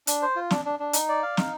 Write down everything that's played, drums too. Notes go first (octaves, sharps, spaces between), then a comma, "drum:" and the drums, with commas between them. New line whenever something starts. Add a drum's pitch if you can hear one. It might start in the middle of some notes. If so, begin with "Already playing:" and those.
D4, drum: hi-hat
C5
F4
D4, drum: snare
D4
D4
D#4, drum: hi-hat
D5
F5
D#4, drum: snare